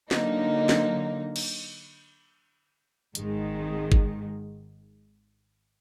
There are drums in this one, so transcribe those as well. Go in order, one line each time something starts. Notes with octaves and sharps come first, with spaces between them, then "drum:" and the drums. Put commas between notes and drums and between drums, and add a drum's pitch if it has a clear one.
D3 F#3 A#3 D#4, drum: snare
drum: snare
drum: cymbal
G#1 G#2 D#3 G#3, drum: hi-hat
drum: kick